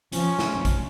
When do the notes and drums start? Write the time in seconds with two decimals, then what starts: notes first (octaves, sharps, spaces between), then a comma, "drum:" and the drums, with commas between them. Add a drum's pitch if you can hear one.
0.12 F3 C#4, drum: hi-hat
0.39 drum: snare
0.65 drum: kick A1, hi-hat